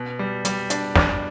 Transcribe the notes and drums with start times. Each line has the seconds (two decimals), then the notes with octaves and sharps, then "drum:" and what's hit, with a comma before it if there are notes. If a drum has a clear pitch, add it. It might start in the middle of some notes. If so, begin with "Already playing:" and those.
Already playing: B2
0.19 G3
0.45 G3, drum: hi-hat
0.70 D4, drum: hi-hat
0.96 D4, drum: snare